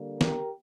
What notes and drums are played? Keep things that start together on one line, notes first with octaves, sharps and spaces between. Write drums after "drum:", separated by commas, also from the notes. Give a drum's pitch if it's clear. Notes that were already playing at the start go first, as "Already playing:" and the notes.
Already playing: D3 G3 A#3
G4 A#4, drum: snare